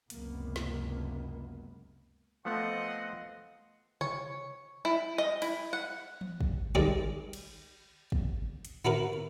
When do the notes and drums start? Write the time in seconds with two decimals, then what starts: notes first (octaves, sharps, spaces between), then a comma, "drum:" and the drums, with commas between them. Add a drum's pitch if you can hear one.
0.10 F#1 C#2 F#2 C3 A#3 B3, drum: hi-hat
0.56 drum: snare
2.45 F3 A3 B3 C4 D#5 F5 F#5 C6
4.01 C#5, drum: tom C3
4.85 E4
5.18 D#5
5.42 E4, drum: cymbal
5.73 F#5
6.21 drum: tom E3
6.41 drum: kick
6.75 D#3 G3 G#3 D4 G4 G#4, drum: kick
7.33 drum: cymbal
8.12 drum: kick
8.65 drum: hi-hat
8.85 E4 F#4 A#4 B4, drum: tom G#2